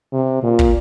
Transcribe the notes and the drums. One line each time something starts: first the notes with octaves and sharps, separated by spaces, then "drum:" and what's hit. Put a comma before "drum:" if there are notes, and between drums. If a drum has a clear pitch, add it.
C3
A#2
drum: kick